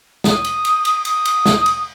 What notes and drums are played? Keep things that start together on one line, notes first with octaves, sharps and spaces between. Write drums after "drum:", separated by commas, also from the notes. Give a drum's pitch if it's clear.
D#6, drum: snare
drum: cymbal
drum: cymbal
drum: cymbal
D#6, drum: cymbal
drum: cymbal
drum: snare
drum: cymbal